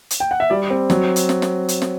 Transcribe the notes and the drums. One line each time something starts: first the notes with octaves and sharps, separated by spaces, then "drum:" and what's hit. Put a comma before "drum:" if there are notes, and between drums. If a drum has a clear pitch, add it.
drum: hi-hat
G5
F#5
E5
G3 D5
C4
F#3, drum: snare
drum: hi-hat
drum: snare
drum: snare
drum: hi-hat
drum: snare